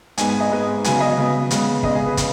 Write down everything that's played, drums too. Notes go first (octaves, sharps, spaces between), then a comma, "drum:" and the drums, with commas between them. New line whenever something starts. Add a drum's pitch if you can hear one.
G#2 G#3 B3 G#5, drum: hi-hat
G#5
D#5
G#2 G#3 B3
C#3 F#3 B3 G#5, drum: hi-hat
D#5
C#3 F#3 B3
C#3 G#3 B3, drum: hi-hat
C#3 G#3 B3 D#5, drum: kick
G#4
B4
C#3, drum: kick, hi-hat